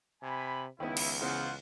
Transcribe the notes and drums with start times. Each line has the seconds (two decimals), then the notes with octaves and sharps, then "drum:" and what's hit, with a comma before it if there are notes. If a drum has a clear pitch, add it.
0.22 C3 G#5 B5
0.80 C#2 D#3 B3 E4
0.97 drum: cymbal
1.21 C#3 E3 B3 F4 C5 F#5